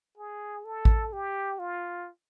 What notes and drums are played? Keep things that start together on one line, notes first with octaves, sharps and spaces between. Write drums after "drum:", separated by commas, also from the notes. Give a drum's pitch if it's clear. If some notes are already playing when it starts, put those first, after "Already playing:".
G#4
A4
drum: kick A1
G4
F4